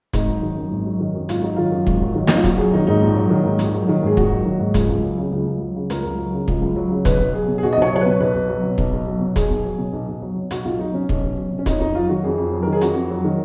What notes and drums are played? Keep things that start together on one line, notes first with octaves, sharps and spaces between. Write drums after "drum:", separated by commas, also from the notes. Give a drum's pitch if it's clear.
G#1 D#4, drum: kick, hi-hat
F#3
D#3
F#2
G#1
F#3
D#3
F#2
G#1 F4, drum: hi-hat
F#3 D#4
D#3 F4
F#2
G#1, drum: kick
F#3
D#3
F#2 D#4, drum: snare
F4
A#1 F#4, drum: kick, hi-hat
F#3 G#4
D#3 D#4
G#2 D#4
A#1
F#3
D#3
G#2
A#1, drum: hi-hat
F#3
D#3
G#2 G#4
A#1 F#4, drum: kick
F#3
D#3
G#2
C#2 G#4, drum: kick, hi-hat
C#2
F#3
C#3
C#2
C#2
F#3
C#3
C#2 A#4, drum: hi-hat
C#2
F#3
C#3
C#2, drum: kick
C#2
F#3
C#3
B1 B4, drum: kick, hi-hat
B1
F#3 G#4
B2
G#4
B1 F#4
D#5
B1 C#5
F#3 C#5
B4
B2
B1 B4
B1
F#3
B2
B1, drum: kick
B1
F#3
B2
B1 G#4, drum: kick, hi-hat
B1
F#3
B2
B1
B1
F#3
B2
B1 F#4, drum: hi-hat
B1 F4
F#3 D#4
B2 C#4
B1, drum: kick
B1
F#3
B2
C#4
F2 D#4, drum: kick, hi-hat
F2 D#4
F#3 F4
D#3 F#4
F2 G#4
F2
F#3
D#3 A#4
G#4
F2 F#4, drum: hi-hat
F2
F#3
D#3